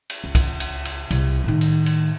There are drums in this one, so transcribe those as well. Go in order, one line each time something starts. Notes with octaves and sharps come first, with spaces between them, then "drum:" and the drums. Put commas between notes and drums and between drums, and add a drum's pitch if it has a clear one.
drum: cymbal
C#2
drum: kick B1, cymbal
drum: cymbal
drum: cymbal
C2 C3, drum: cymbal
A2 D#3
drum: cymbal
drum: cymbal